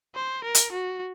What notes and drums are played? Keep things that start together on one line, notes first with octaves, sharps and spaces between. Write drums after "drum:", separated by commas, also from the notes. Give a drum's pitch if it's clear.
C5
A#4
drum: hi-hat
F#4